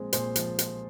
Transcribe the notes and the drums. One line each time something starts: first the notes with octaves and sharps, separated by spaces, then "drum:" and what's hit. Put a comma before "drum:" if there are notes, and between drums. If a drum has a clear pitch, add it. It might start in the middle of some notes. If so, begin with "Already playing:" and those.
Already playing: A#2 F3 G#3 C4
A#2 G#4 C5, drum: hi-hat
F3, drum: hi-hat
drum: hi-hat